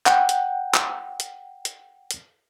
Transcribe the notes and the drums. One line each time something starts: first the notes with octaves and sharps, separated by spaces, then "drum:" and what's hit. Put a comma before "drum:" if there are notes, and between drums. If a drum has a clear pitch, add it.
F#5 G5, drum: clap
drum: hi-hat
drum: clap
drum: hi-hat
drum: hi-hat
drum: hi-hat